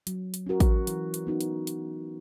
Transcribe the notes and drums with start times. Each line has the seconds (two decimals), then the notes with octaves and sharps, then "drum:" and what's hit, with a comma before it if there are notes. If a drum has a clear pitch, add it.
0.07 F#3, drum: hi-hat
0.34 drum: hi-hat
0.46 C#4 F#4 A#4
0.60 drum: kick A1, hi-hat
0.87 E3, drum: hi-hat
1.14 drum: hi-hat
1.27 B3 D#4 F#4
1.41 drum: hi-hat
1.67 drum: hi-hat